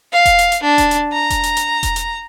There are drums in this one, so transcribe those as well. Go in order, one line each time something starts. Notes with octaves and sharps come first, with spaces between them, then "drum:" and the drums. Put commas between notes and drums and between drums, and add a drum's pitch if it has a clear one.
F5
drum: kick E1, hi-hat
drum: hi-hat
drum: hi-hat
D4
drum: kick E1, hi-hat
drum: hi-hat
A#5
drum: kick E1, hi-hat
drum: hi-hat
drum: hi-hat
drum: kick E1, hi-hat
drum: hi-hat